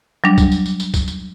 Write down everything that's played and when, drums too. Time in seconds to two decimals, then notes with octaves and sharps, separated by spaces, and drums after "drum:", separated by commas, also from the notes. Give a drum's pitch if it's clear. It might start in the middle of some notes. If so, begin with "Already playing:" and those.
0.24 F#3 G3 D4
0.38 drum: kick C2, tambourine
0.52 drum: tambourine
0.66 drum: tambourine
0.80 drum: tambourine
0.94 drum: kick C2, tambourine
1.08 drum: tambourine